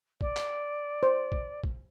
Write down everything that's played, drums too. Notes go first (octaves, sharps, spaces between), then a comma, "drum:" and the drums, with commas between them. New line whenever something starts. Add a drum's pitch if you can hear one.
D5, drum: kick A#1
drum: clap
C5
drum: kick A#1
drum: kick A#1